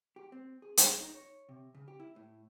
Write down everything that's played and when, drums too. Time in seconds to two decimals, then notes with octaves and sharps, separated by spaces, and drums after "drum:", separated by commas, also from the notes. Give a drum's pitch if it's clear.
0.16 G4
0.32 C4
0.62 G#4
0.77 G#4, drum: hi-hat
1.01 D#4
1.14 C#5
1.49 C3
1.75 C#3
1.88 G4
2.00 E4
2.16 A2